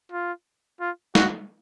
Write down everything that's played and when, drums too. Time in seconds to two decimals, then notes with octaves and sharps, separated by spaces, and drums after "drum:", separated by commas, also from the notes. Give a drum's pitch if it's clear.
0.12 F4
0.80 F4
1.15 F#4, drum: snare